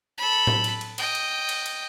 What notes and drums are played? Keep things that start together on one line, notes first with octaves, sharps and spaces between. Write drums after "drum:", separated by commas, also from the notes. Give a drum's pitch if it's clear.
A4 B5
drum: tom A2
drum: cymbal
drum: cymbal
D#5 G5, drum: cymbal
drum: cymbal
drum: cymbal
drum: cymbal